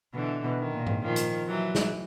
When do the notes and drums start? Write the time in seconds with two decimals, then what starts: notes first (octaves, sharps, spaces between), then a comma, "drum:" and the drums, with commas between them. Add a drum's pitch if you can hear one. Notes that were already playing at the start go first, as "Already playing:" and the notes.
0.13 B2 D3 E3
0.44 B2
0.58 D#3
0.73 A#2
0.87 drum: tom G#2
1.03 D#3 F3
1.16 drum: hi-hat
1.47 E3 F#3
1.75 drum: snare